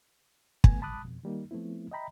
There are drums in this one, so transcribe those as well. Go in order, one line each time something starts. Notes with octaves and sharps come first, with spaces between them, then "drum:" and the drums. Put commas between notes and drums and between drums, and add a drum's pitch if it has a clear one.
A3 B3 G#5, drum: kick
A5 B5 D6 D#6 F#6
F2 B2
D#3 G3 A#3 D#4
F3 A3 B3 C4 E4
D#5 E5 G5 A#5 B5